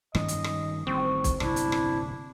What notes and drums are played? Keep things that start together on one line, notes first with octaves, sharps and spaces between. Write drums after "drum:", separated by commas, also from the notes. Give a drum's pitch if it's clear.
G2 D#3 C#4 D#5, drum: rim click
drum: hi-hat
drum: rim click
A1 D#3 G3 C4 C#6
drum: kick, hi-hat
D1 G1 C3 D4 E4, drum: rim click
drum: hi-hat
drum: rim click